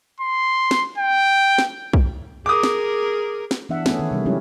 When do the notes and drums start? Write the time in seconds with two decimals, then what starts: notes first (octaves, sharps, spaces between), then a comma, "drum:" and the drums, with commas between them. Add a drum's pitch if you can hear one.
0.20 C6
0.71 drum: snare
0.98 G5
1.58 drum: snare
1.93 drum: kick
2.46 G#4 A#4 D6 D#6
2.63 drum: snare
3.51 drum: snare
3.69 E3 B3 D4 E5 F#5
3.86 A3 B3 C#4 G#4, drum: snare
3.99 D#3 C#4
4.11 C3 G3 A4
4.26 F#3 G#3 C#4 D4 E4 G4